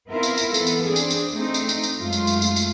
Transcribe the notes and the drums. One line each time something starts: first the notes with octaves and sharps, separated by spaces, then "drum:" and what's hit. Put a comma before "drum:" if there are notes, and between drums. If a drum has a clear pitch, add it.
B3 C4 E4 F4 A#4
drum: tambourine
drum: tambourine
E3 B3 A4, drum: tambourine
drum: tambourine
C4 D4 G#4
drum: tambourine
drum: tambourine
A3 C4 D#4
drum: tambourine
drum: tambourine
drum: tambourine
F#2 G#3 A3 F4
drum: tambourine
drum: tambourine
drum: tambourine
drum: tambourine